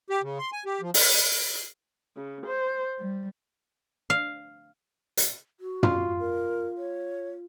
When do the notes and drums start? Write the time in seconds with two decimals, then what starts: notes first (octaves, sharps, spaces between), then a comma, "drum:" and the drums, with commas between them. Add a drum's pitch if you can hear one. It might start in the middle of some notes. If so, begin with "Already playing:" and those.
0.10 G4
0.23 C#3
0.38 C6
0.52 G#5
0.66 G4
0.81 F3
0.94 drum: open hi-hat
2.15 C#3
2.45 C5
3.00 G3
4.10 F5
5.17 drum: hi-hat
5.60 F#4
5.83 F4 C6, drum: tom
6.19 A#4
6.78 C#5